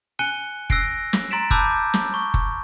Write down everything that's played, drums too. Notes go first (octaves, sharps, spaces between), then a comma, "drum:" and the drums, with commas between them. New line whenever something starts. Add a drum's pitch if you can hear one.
G#5 F#6 C#7 D#7 G7
E6 F#6 A#6 C7 D7, drum: kick F#1
drum: snare
A#5 C6 A6 B6 D7 E7
A5 B5 D6 E6 F#6 G6, drum: kick F#1
drum: snare
C#6
drum: kick F#1